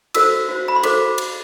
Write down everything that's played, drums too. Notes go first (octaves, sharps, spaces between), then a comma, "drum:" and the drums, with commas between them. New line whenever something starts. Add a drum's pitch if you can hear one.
F#4 A4 C5 E6, drum: cymbal
F#4 C5
B5
C6
F#4 A4 C5 D6, drum: cymbal
drum: cymbal